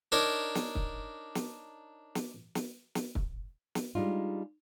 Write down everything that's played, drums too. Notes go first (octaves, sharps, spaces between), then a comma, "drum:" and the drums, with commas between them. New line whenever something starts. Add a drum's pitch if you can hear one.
D4 D#4 A#4 C#5
drum: snare
drum: kick
drum: snare
drum: snare
drum: snare
drum: snare
drum: kick
drum: snare
G3 G#3 D4 D#4 F4